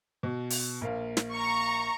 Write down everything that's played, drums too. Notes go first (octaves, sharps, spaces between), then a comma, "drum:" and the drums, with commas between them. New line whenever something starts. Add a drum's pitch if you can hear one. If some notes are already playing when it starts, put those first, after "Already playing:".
B2
drum: open hi-hat
A#1 A#3 F5
drum: snare
A#5 C#6